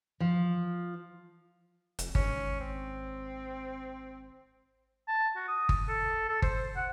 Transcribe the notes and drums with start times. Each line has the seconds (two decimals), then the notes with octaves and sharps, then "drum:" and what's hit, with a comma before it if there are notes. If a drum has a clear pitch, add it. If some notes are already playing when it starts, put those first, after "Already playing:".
0.20 F3
1.99 F1, drum: hi-hat
2.15 G#1 C#4, drum: kick G1
2.60 C4
5.08 A5
5.36 F#4
5.48 D#6
5.69 drum: kick G1
5.88 A4
6.29 A4
6.42 C5, drum: kick G1
6.76 F#5